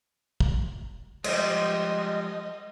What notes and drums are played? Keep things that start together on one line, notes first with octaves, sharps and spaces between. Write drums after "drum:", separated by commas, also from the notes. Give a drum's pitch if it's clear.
drum: kick
F3 G3 G#3 D#5, drum: cymbal